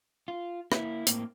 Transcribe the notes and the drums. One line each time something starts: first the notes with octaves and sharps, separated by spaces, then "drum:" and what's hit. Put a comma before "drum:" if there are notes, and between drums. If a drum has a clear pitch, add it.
F4
A#3 E4, drum: rim click
A2 A#3 C4, drum: hi-hat